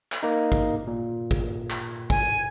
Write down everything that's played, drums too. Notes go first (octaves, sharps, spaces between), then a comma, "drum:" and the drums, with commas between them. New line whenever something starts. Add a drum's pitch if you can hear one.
drum: clap
A#3 D#4
drum: kick
A#2
drum: kick
drum: clap
G#5, drum: kick